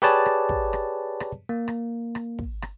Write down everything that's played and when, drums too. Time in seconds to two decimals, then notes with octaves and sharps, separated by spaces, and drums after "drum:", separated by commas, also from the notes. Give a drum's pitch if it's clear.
0.02 G4 G#4 B4 C#5 D5 A5
0.26 drum: rim click
0.49 drum: kick
0.73 drum: rim click
1.20 drum: rim click
1.49 A#3
1.68 drum: rim click
2.15 drum: rim click
2.39 drum: kick
2.62 drum: rim click